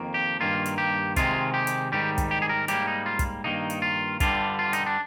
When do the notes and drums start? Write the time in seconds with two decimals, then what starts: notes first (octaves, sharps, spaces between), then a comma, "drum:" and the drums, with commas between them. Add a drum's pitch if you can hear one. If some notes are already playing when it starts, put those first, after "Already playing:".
Already playing: F2 D#3 A#3
0.14 G4
0.40 G2 D#3 A#3 F4
0.66 drum: hi-hat
0.78 G4
1.16 C3 D#3 G#3 F4, drum: kick, hi-hat
1.54 G4
1.67 drum: hi-hat
1.92 G#2 D#3 G3 G4
2.18 drum: kick, hi-hat
2.31 G4
2.42 G#4
2.49 A#4
2.68 G#2 G3 A#3 G4, drum: hi-hat
2.87 D#4
3.06 F4
3.19 drum: kick, hi-hat
3.44 G2 D#3 A#3 D#4
3.70 drum: hi-hat
3.82 F4
4.20 G2 D3 G3 F4, drum: kick, hi-hat
4.59 F4
4.73 D#4, drum: hi-hat
4.86 D4